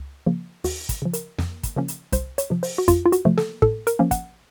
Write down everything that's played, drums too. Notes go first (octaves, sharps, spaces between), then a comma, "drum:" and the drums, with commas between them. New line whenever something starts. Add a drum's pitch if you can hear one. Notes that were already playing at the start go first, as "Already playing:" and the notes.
Already playing: C#2
C#3 F3 A#3
D#2 F#4, drum: open hi-hat
drum: kick, hi-hat
C#3 F3
A#4, drum: hi-hat
F2, drum: snare
drum: kick, hi-hat
C#3 F3 A#3 C#4
drum: hi-hat
C2 C5, drum: kick, hi-hat
C#5, drum: hi-hat
C3 F3
C5, drum: open hi-hat
F#4
F2 F4, drum: kick, hi-hat
F4
F#4, drum: hi-hat
C3 F3 A3
A4, drum: snare
A2 A4, drum: kick
A#4, drum: hi-hat
F3 A#3 C#4
F#5, drum: kick, hi-hat